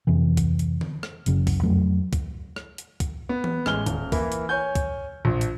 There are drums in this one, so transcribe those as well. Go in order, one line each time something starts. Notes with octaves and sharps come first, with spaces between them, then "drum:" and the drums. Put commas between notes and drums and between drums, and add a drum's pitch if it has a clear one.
F2 C3 E3
drum: kick C2, hi-hat
drum: hi-hat
drum: tom D3
drum: rim click
F#1 F#2 C#3, drum: hi-hat
drum: kick C2, open hi-hat
F2 F#3 A3
drum: kick C2, hi-hat
drum: rim click
drum: hi-hat
drum: kick C2, hi-hat
B3
drum: tom E3
A1 G#3 G#5 F6 G7, drum: rim click
D#1, drum: hi-hat
E3 A#3 E4, drum: kick C2, open hi-hat
drum: hi-hat
C#5 G#5 G6
drum: kick C2, hi-hat
A#1
drum: hi-hat